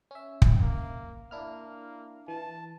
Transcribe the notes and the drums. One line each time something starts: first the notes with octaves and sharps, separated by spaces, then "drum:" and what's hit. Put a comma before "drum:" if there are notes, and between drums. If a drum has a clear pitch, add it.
C#4 E5
drum: kick
A#3
A#3 D4 E4 F6
E3 A5